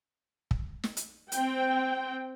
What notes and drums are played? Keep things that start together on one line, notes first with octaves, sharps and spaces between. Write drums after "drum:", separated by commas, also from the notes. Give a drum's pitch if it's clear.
drum: kick
drum: snare
drum: hi-hat
C4 G5, drum: hi-hat